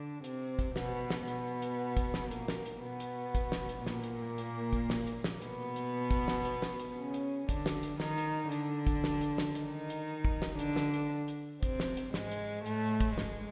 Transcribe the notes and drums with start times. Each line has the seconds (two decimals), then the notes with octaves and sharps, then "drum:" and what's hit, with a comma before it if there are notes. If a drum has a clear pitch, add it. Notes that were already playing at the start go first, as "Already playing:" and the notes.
Already playing: D3 D4
0.24 C3 C4, drum: hi-hat
0.59 drum: kick, hi-hat
0.76 B2 B3, drum: snare
1.10 drum: snare
1.27 B2 B3, drum: hi-hat
1.62 drum: hi-hat
1.97 drum: kick, hi-hat
2.14 drum: snare
2.31 A#2 A#3, drum: hi-hat
2.48 drum: snare
2.66 drum: hi-hat
2.82 B2 B3
3.00 drum: hi-hat
3.35 drum: kick, hi-hat
3.52 drum: snare
3.69 drum: hi-hat
3.86 A#2 A#3, drum: snare
4.04 drum: hi-hat
4.38 drum: hi-hat
4.73 drum: kick, hi-hat
4.90 drum: snare
5.07 drum: hi-hat
5.24 drum: snare
5.42 B2 B3, drum: hi-hat
5.76 drum: hi-hat
6.11 drum: kick, hi-hat
6.28 drum: snare
6.45 drum: hi-hat
6.62 drum: snare
6.80 drum: hi-hat
6.97 C#3 C#4
7.14 drum: hi-hat
7.49 D3 D4, drum: kick, hi-hat
7.66 drum: snare
7.83 drum: hi-hat
8.00 D#3 D#4, drum: snare
8.18 drum: hi-hat
8.52 D3 D4, drum: hi-hat
8.87 drum: kick, hi-hat
9.04 drum: snare
9.21 drum: hi-hat
9.38 drum: snare
9.55 D#3 D#4, drum: hi-hat
9.90 drum: hi-hat
10.25 drum: kick
10.42 drum: snare
10.59 D3 D4, drum: hi-hat
10.76 drum: snare
10.94 drum: hi-hat
11.28 drum: hi-hat
11.63 C3 C4, drum: kick, hi-hat
11.80 drum: snare
11.97 drum: hi-hat
12.14 G#2 G#3, drum: snare
12.32 drum: hi-hat
12.66 A2 A3, drum: hi-hat
13.00 drum: kick, hi-hat
13.18 G#2 G#3, drum: snare